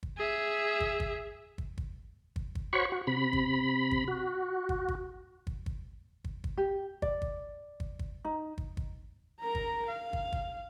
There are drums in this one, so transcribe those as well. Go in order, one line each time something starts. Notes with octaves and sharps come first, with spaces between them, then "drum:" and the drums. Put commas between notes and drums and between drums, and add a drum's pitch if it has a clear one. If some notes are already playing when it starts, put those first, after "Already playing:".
drum: kick
G#4 E5
drum: kick
drum: kick
drum: kick
drum: kick
drum: kick
drum: kick
F#4 C5 C#5 B5 C#6
F#4
C3 B5
drum: kick
drum: kick
F#4
drum: kick
drum: kick
drum: kick
drum: kick
drum: kick
drum: kick
G4
D5, drum: kick
drum: kick
drum: kick
drum: kick
D#4
drum: kick
drum: kick
A#4 A#5
drum: kick
F5
drum: kick
drum: kick